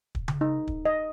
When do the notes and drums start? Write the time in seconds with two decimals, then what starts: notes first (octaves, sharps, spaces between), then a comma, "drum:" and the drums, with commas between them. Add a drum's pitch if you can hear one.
0.15 drum: kick
0.28 drum: tom C#3
0.41 D#4
0.67 drum: kick
0.85 D#5